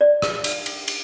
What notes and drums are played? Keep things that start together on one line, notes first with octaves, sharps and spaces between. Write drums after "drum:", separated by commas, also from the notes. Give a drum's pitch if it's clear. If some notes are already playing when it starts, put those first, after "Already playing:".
D5
drum: rim click
drum: cymbal
drum: cymbal
drum: cymbal